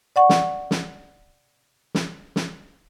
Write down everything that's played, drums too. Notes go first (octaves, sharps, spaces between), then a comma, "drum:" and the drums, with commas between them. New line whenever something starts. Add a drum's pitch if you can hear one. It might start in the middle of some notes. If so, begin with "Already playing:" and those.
D5 F#5 C#6
drum: snare
drum: snare
drum: snare
drum: snare